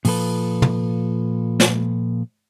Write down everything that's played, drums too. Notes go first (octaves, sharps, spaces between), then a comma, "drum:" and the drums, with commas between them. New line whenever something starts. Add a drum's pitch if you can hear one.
A#2 F3 F4 A4 B4, drum: open hi-hat
drum: tom
drum: snare